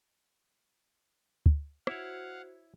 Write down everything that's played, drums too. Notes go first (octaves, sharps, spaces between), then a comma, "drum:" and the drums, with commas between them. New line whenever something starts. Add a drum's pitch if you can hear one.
drum: kick
E4 F#4 C5 C#5 F5 F#5, drum: rim click